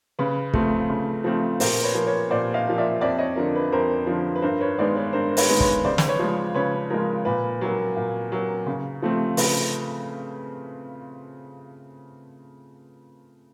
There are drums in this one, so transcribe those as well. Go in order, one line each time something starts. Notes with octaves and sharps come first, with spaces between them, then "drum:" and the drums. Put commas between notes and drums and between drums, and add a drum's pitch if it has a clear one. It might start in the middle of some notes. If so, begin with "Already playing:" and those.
C#3 B4
F3 A3 C4, drum: kick
C#3
F3 A3 C4
A#2 A#4 C5, drum: open hi-hat
B4 C#5
F3 A#3
B4 C#5
A#2 C5 D5
D#5 F5
F3 A#3
D5 E5
F2 D5 E5
C#5 D#5
D3 F3 A#4
B4
F2 A#4 C5
D3 F3
B4
G2 A#4 C5
B4 C#5
D#3 G#3 B3 C5 D5
B4 C#5
G2 A#4 C5
B4 C#5, drum: open hi-hat
D#3 G#3 B3
B4 C#5, drum: kick
C#3 C5 D5
drum: snare
B4 C#5
F3 G#3
C#3 B4 C#5
F3 G#3 A#4
A#2 B4
F#3 A#3
A#2
F#3 A#3
C#3
F3 A3 C4
C#3 B4, drum: open hi-hat